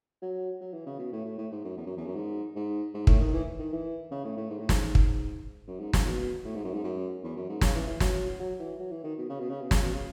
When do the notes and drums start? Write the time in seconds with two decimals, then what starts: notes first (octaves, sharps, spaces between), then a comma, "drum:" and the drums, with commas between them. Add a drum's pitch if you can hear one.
0.22 F#3
0.61 F#3
0.73 E3
0.86 C#3
0.99 B2
1.12 A2
1.25 A2
1.38 A2
1.52 G#2
1.65 F#2
1.77 E2
1.86 F#2
1.97 E2
2.06 F#2
2.16 G#2
2.55 G#2
2.94 G#2
3.07 A2, drum: kick
3.20 D#3
3.33 E3
3.59 D#3
3.72 E3
4.11 C#3
4.24 A2
4.37 A2
4.50 G#2
4.60 A2
4.69 G#2, drum: snare
4.95 drum: kick
5.68 F#2
5.80 G#2
5.93 G#2, drum: snare
6.05 B2
6.45 A2
6.55 G#2
6.64 F#2
6.74 G#2
6.84 F#2
7.24 E2
7.36 F#2
7.49 G#2
7.61 C#3, drum: snare
7.75 E3
7.87 E3
8.00 F#3, drum: snare
8.40 F#3
8.60 E3
8.80 F#3
8.91 E3
9.04 D#3
9.18 B2
9.29 C#3
9.40 B2
9.50 C#3
9.61 B2
9.71 C#3, drum: snare
9.82 B2
9.94 C#3